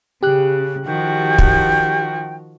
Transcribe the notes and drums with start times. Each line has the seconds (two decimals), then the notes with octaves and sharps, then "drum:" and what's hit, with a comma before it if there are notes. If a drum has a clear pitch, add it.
0.23 C#3 G4 F#6
0.86 D#3 F3 F#4 G5
1.38 drum: kick